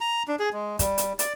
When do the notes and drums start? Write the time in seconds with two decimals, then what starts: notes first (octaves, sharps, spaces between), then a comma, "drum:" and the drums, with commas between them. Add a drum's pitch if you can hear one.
0.01 A#5
0.28 D4
0.39 G#4
0.53 G#3
0.79 G3, drum: kick, hi-hat
0.98 drum: hi-hat
1.19 D5, drum: hi-hat